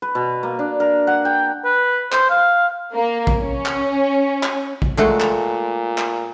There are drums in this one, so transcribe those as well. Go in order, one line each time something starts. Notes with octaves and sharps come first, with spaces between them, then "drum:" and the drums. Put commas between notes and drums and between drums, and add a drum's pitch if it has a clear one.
B4
B2
A#3
D4
A#4
F#5
G5
B4
C5, drum: clap
F5
A#3
drum: kick
C#4
drum: clap
drum: clap
drum: kick
A#2 G#3 A3 F#4
drum: clap
drum: clap